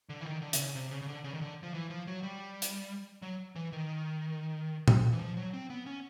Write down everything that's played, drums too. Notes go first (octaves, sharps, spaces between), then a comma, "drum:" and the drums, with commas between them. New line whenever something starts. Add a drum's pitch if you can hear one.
D3
E3
D#3
D3
C3, drum: hi-hat
C#3
C3
C#3
C#3
D3
C#3
D#3
D3
F3
E3
F3
F#3
G3
drum: hi-hat
F#3
E3
D#3
drum: tom A#2
E3
F3
F#3
C4
B3
C#4